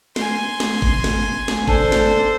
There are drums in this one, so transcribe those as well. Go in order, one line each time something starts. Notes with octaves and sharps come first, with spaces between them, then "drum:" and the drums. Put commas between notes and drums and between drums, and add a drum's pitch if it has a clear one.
G#5 C6, drum: snare
drum: snare
drum: kick G1
drum: snare
drum: snare
D4 A4 C5, drum: kick G1
drum: snare